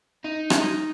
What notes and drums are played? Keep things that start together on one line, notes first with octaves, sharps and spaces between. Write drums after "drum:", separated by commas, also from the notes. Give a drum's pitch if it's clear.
D#4
drum: rim click